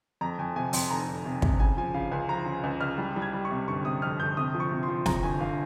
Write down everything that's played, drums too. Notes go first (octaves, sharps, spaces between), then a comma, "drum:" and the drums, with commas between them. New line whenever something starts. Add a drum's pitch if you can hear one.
F2 A#5
F2 G#5
C3 G#5
F2 C6, drum: open hi-hat
F1 A#5
F1
C3
C3, drum: kick
C#3 G#5
F3 G#5
C#3 F5
C#2 G#5
F3 A#5
C#3
C#2
C#2 F6
G3
G3
G#6
G3
C#6
C3
G1 C#6
C3 D#6
F2 F6
G1 G6
C3 D#6
F3
C#6
C3
C6
F3
C3 A#5, drum: snare
G1 G#5
G1 F5